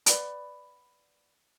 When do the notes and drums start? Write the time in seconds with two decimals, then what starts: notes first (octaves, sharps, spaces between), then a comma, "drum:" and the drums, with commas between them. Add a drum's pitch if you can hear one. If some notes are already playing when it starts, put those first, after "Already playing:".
0.06 B4 D5 F#5 B5, drum: hi-hat